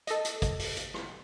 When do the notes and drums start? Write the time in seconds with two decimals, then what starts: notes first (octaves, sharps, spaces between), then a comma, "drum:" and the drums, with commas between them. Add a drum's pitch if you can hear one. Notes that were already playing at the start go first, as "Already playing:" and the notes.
0.07 A4 D#5, drum: hi-hat
0.25 drum: hi-hat
0.42 drum: kick, hi-hat
0.59 drum: open hi-hat
0.77 drum: hi-hat
0.94 drum: rim click